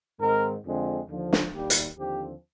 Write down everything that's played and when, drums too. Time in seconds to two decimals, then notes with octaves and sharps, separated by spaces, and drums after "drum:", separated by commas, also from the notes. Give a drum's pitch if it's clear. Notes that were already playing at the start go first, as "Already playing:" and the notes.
0.20 G#2 D#3 G#3 C4 A#4
0.64 F2 D3 F3 G#3 C4
1.09 D#2 D3 F3
1.33 drum: snare
1.53 D#2 D#3 G3 A#3 G4
1.70 drum: hi-hat
1.97 D#2 D3 F3 C4 G4